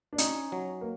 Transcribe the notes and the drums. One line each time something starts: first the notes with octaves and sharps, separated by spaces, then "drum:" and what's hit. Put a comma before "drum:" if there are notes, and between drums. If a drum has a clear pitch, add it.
D4
C#4 D#4, drum: hi-hat
F#3
A#3